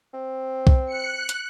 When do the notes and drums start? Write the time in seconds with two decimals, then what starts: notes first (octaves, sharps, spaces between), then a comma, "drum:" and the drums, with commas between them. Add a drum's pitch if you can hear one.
0.14 C4
0.67 drum: kick
0.86 F#6 C#7
1.29 drum: hi-hat